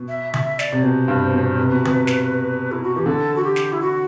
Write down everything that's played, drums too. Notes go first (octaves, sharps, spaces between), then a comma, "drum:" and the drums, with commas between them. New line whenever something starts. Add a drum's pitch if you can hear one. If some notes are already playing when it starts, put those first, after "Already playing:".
Already playing: B2
E5
E5, drum: tom C#3
D5, drum: snare
C3
B2 C5
G2
B2
C3 B4
B2
C3, drum: tom C#3
drum: snare
E4
F#4
E3 G4
D3 A4
F#4
G4
drum: snare
E4
F#4